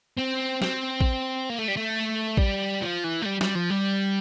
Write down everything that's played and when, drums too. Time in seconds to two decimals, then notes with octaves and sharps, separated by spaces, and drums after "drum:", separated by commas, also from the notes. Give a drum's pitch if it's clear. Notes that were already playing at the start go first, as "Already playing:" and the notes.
0.17 C4
0.62 C4, drum: snare
1.01 drum: kick
1.49 A#3
1.59 A3
1.68 G3
1.76 A3
2.37 G3, drum: kick
2.82 F3
3.04 E3
3.22 A3
3.26 G3
3.41 G3, drum: snare
3.55 F3
3.70 G3